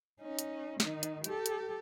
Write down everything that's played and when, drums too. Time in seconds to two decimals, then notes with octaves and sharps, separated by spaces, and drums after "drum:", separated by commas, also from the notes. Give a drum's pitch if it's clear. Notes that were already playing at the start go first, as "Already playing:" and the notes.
0.21 C#4 D#4
0.39 drum: hi-hat
0.80 D#3 D#4, drum: snare
1.03 drum: hi-hat
1.24 G4 A4, drum: hi-hat
1.46 drum: hi-hat